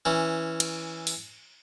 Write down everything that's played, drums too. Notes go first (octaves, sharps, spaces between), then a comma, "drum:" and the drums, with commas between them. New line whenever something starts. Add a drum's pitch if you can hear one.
E3 C#4
drum: cymbal
drum: open hi-hat